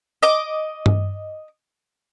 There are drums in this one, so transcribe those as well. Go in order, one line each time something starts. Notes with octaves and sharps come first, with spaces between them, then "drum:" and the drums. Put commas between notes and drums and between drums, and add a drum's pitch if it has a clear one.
D#5 D6
drum: tom G2